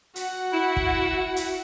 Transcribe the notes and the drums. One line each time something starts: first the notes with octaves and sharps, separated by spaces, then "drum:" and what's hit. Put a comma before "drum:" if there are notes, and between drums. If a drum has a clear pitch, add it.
F#4 F#5, drum: hi-hat
E4
drum: kick
drum: hi-hat